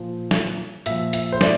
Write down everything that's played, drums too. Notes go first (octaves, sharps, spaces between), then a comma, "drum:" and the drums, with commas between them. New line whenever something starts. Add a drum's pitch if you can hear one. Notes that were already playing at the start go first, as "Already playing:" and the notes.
Already playing: A#2 F3
drum: snare
A#2 F3 E5, drum: hi-hat
E5, drum: hi-hat
C5
D5, drum: snare